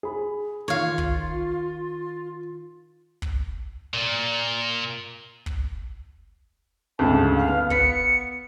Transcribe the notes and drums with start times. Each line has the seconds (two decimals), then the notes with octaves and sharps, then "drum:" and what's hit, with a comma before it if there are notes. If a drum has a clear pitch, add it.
0.03 G#4 B5
0.68 D#3 F4 C#5 F5
0.98 drum: kick
3.22 drum: kick
3.94 A#2
5.46 drum: kick
6.99 D2 G#2 C#3 A5
7.36 F5
7.47 B3
7.70 B3 B6 C#7, drum: kick